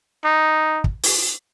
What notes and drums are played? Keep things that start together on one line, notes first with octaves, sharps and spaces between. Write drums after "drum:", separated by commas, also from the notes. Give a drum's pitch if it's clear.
D#4
drum: kick
drum: open hi-hat